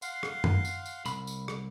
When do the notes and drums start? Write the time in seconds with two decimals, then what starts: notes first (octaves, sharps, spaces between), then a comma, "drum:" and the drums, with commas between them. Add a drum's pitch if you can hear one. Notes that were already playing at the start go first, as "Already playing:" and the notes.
0.02 F5 F#5 C6, drum: tambourine
0.23 drum: rim click
0.44 drum: tom F#2
0.65 drum: tambourine
0.86 drum: tambourine
1.06 C2 B5, drum: tambourine
1.27 drum: tambourine
1.48 drum: rim click